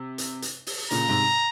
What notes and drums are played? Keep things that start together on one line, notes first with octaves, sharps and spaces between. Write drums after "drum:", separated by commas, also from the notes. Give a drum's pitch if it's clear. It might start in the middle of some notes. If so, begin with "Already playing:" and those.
Already playing: C3
drum: hi-hat
drum: hi-hat
drum: open hi-hat
A#2 C#3 A#5, drum: hi-hat
G#2 C3